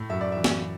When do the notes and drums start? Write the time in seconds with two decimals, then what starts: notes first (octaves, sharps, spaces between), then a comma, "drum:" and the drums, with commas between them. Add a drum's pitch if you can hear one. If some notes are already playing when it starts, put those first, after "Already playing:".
Already playing: A2
0.10 F#2 E5
0.21 D5
0.32 E3 E5
0.44 drum: snare